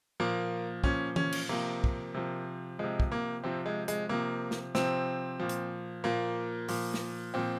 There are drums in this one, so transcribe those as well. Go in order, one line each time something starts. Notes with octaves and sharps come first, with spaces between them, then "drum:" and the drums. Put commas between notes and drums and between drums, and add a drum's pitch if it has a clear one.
A#2 F3 A#3
A#2 F3 C#4, drum: kick
C#4, drum: tom E3
drum: cymbal
C3 F3 A#3
drum: kick
C3 F3
C3 F3 G#3
drum: kick
A#3
C3 F3 C4
G#3
G#3, drum: hi-hat
C3 F3 A#3
drum: snare
C3 F3 C4, drum: snare
A#2 F3
drum: hi-hat
A#2 F3 A#3
A#2 F3, drum: open hi-hat
drum: snare
A#2 F3 C4